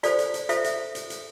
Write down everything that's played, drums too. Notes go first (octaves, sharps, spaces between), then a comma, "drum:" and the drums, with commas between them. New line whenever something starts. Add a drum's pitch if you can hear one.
F4 A4 C5 D5, drum: hi-hat
drum: hi-hat
drum: hi-hat
F4 A4 C5 E5, drum: hi-hat
drum: hi-hat
drum: hi-hat
drum: hi-hat